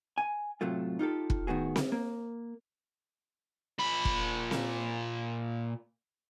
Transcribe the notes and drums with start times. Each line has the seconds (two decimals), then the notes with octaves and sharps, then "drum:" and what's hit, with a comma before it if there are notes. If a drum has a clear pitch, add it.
0.18 G#5
0.61 A2 C3 F#3 A3 F4
0.99 D#4 F4 G4 A4
1.30 drum: kick
1.47 A2 D#3 B3 F#4 G#4
1.76 drum: snare C4
1.92 A#3
3.79 A#2 B5
4.05 drum: kick
4.51 drum: snare C4